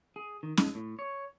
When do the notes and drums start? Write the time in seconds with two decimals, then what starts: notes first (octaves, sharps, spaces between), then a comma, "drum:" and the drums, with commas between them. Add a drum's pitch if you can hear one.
0.16 G#4
0.43 D#3
0.57 G#3, drum: snare C#4
0.75 A2
0.99 C#5